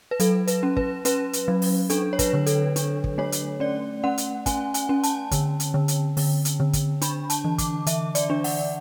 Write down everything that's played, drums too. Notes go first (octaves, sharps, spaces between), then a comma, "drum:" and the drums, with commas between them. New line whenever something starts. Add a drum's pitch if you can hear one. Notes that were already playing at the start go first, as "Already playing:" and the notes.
B4
F#3 A4, drum: hi-hat
B4, drum: hi-hat
C#4
B4, drum: kick
C#4 B4, drum: hi-hat
drum: hi-hat
F#3
drum: open hi-hat
D4 A4, drum: hi-hat
C#5
B4, drum: kick, hi-hat
D3
A4, drum: hi-hat
D4, drum: hi-hat
drum: kick
A3 C#5
drum: hi-hat
C#4 D5
C#4 F#5
drum: hi-hat
C#4 G#5, drum: kick, hi-hat
G#5, drum: hi-hat
C#4
A5, drum: hi-hat
D3, drum: kick, hi-hat
drum: hi-hat
D3
drum: hi-hat
D3, drum: open hi-hat
drum: hi-hat
D3
drum: kick, hi-hat
D4 B5, drum: hi-hat
A5, drum: hi-hat
E3
D6, drum: kick, hi-hat
E3 E5, drum: hi-hat
D5, drum: hi-hat
D4
F#5, drum: open hi-hat